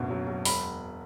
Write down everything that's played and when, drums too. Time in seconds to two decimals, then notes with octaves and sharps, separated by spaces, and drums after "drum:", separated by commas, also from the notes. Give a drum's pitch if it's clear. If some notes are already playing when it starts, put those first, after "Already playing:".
Already playing: F#1 D2 B2
0.10 F#3
0.27 F#3
0.45 E1 B5, drum: open hi-hat